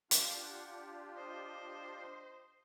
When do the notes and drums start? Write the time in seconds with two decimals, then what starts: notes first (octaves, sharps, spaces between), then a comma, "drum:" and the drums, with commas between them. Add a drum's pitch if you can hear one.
0.11 D4 F4 G4 F5, drum: hi-hat
0.44 F#5
1.17 C5 D#5